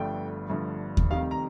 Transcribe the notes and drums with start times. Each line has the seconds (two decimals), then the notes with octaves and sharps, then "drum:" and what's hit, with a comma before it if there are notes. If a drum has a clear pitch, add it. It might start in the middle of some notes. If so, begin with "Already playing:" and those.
Already playing: G1 G2 D3 F3 A3 G5
0.50 G1 G2 D3 F3 A3
0.97 drum: kick D#2
1.11 F1 F2 D#3 G3 F5
1.31 A#5